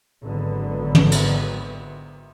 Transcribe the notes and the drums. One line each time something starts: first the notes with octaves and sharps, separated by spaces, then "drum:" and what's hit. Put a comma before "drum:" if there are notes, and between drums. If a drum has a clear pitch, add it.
G#1 D3 F#3 B3
drum: tom
drum: cymbal